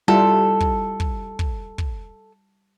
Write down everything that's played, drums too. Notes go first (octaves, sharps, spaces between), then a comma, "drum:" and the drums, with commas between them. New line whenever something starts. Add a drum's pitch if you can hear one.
G3 E4 F4 A4
drum: kick
drum: kick
drum: kick
drum: kick